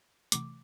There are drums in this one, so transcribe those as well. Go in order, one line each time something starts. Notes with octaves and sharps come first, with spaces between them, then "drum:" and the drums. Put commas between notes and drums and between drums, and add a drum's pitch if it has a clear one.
C3 E3 A3 D6, drum: hi-hat